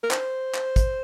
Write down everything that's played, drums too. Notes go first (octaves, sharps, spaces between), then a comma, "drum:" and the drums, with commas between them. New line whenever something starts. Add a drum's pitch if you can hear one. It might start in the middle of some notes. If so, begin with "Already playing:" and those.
A#4
C5, drum: clap
drum: clap
drum: kick, hi-hat